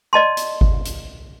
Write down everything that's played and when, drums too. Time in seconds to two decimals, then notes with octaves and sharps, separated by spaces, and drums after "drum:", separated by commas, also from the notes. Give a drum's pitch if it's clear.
0.13 D5 D#5 A5 C6
0.37 drum: hi-hat
0.61 drum: kick G1
0.85 drum: hi-hat